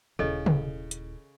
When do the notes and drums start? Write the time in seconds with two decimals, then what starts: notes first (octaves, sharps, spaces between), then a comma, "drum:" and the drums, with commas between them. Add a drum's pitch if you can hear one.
0.19 D#1 C#3 E4 A4 D#5
0.46 drum: tom
0.91 drum: hi-hat